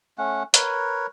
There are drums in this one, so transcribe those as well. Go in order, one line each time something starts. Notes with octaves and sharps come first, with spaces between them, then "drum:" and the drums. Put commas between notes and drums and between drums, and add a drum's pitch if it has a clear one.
A3 C#4 F#5
A#4 B4 C#5, drum: hi-hat